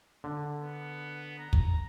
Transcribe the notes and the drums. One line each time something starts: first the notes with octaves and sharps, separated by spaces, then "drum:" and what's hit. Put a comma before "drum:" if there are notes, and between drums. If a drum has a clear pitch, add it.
D3
B3
A#5
drum: kick